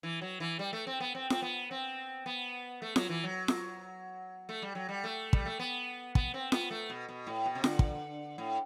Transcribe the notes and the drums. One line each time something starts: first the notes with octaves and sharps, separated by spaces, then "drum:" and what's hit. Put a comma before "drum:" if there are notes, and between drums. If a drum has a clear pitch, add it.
E3
F#3
E3
G3
A3
C4
B3
C4
C4, drum: snare F4
B3
C4
B3
A3
F#3, drum: snare F4
E3
F#3
drum: snare F4
A3
G3
F#3
G3
A3
G3, drum: kick
A3
B3
B3, drum: kick
C4
B3, drum: snare F4
A3
B2
B2
A2
B2
C3
D3, drum: snare F4
drum: kick
A2